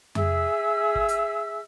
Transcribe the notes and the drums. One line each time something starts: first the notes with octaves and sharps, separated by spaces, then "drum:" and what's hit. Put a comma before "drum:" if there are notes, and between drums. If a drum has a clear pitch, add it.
G#4 E5 E6, drum: tom F2
drum: kick
drum: hi-hat